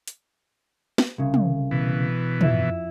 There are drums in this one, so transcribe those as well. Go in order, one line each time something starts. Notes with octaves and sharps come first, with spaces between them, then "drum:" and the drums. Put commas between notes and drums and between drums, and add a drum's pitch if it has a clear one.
drum: hi-hat
drum: snare
C2 C#3
drum: tom
B2 E3
F2 E4, drum: tom